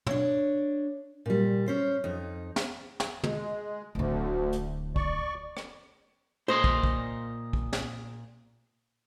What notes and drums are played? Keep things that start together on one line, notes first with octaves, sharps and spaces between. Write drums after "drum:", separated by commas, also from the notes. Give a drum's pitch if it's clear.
D4 C#5, drum: tom
A#2 G3
C#4 C5
F2 D#4
drum: snare
drum: snare
G#3, drum: tom
D1 D2 D3
drum: hi-hat
D5 C#6, drum: kick
drum: rim click
A#2 C5 D#5 C6
drum: kick
drum: kick
drum: kick
drum: snare